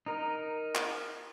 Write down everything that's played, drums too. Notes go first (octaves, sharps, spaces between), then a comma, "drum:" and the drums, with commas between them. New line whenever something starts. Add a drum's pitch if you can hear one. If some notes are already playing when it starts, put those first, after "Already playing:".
D#4 A#4
drum: clap